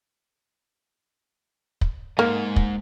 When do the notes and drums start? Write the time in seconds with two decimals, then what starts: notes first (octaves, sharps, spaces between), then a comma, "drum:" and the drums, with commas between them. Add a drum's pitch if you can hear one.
1.81 drum: kick
2.19 G#2 A#3
2.56 drum: kick